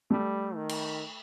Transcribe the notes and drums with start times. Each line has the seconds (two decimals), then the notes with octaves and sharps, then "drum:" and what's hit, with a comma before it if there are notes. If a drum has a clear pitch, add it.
0.11 G3 A3
0.55 D#3
0.69 drum: cymbal